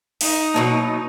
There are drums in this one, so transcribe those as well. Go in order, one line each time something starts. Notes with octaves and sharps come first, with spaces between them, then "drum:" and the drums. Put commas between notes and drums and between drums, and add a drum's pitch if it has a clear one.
D#4, drum: open hi-hat
B2 F#3 A#3 E4 A5